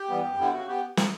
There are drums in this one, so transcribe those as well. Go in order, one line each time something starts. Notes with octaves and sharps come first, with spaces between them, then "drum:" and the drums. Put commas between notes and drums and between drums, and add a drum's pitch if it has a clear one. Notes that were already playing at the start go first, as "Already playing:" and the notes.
Already playing: G4
E3 G3 B3
F#2
D3 G3 B3 E4
C#3 F#4
B3 G4
drum: snare